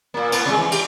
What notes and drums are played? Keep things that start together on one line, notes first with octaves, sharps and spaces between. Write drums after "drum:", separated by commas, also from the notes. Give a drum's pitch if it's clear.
A#2 A#3
A2 B3, drum: cymbal
C3 G#3
E3
G4, drum: cymbal